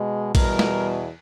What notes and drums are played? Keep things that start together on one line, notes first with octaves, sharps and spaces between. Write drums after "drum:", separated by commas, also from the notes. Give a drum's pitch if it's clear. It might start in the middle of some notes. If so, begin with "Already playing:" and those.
Already playing: B2 G#3
E2 B2 G3 A#4, drum: kick A#1, cymbal
drum: snare